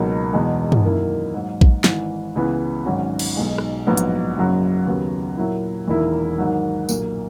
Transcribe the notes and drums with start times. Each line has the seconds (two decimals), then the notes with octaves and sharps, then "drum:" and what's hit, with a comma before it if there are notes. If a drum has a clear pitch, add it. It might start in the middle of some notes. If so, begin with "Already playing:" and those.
Already playing: C#2 B2 F#3 A#3 D#4
0.33 E2 B2 G#3
0.72 drum: tom
0.84 F#2 D#3 A#3 E4
1.34 G#2 F#3 A#3
1.61 drum: kick A#1
1.84 G#1 G#2 E3, drum: snare
2.35 C#2 C#3 E3 B3
2.85 G#1 G#2 F#3 C#4 F#4
3.19 drum: cymbal
3.36 B1 B2 G#3 D#4
3.58 drum: rim click
3.87 A#1 G#2 F#3 B3 D#4
3.97 drum: hi-hat
4.37 F#1 F#2 C#3 F#3
4.87 D#2 C#3 F#3 B3 F#4
5.37 A#2 F#3 A#3 E4
5.88 E1 E2 D#3 A#3 E4
6.38 G#2 D#3 F#3
6.89 B1 A#2 A#3, drum: tambourine